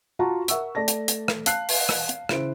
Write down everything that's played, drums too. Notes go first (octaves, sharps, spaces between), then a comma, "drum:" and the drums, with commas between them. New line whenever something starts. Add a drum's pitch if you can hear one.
F4 F#4 F#5 A5 A#5 C#6
A#4 E5 F#5 C#6 E6, drum: hi-hat
A3 D5 A5 A#6
drum: hi-hat
drum: hi-hat
drum: rim click
F5 A5 F#6 C7, drum: hi-hat
drum: open hi-hat
drum: rim click
drum: hi-hat
C#3 E4 C5 D7, drum: rim click